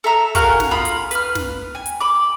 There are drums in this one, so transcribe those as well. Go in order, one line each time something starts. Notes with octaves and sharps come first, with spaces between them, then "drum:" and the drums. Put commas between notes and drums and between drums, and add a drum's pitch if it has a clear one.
A4 E5 A#5 E6
F#4 G#4 A#4 F5, drum: kick, hi-hat
drum: snare
F4 B5 D#6
drum: hi-hat
B4 F6, drum: hi-hat
drum: snare
G#5
drum: hi-hat
B5 D6